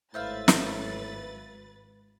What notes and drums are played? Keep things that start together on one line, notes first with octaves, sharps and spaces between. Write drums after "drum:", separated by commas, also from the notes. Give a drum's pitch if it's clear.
G#1 A2 B4 C5 E5 F5 A6
drum: snare